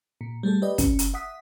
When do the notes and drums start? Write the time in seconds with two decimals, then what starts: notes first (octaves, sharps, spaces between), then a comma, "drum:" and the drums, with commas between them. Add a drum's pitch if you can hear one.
0.21 A#2
0.43 G3 A3 G#4 A4
0.62 G4 B4 D5 D#5
0.78 C#4, drum: kick, hi-hat
0.99 drum: hi-hat
1.14 E5 F#5 D#6 B6